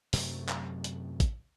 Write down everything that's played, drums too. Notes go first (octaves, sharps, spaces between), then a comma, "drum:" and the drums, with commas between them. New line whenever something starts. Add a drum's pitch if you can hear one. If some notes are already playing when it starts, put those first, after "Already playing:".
F#2 C3 F#3 A3, drum: open hi-hat
drum: clap
drum: hi-hat
drum: kick, hi-hat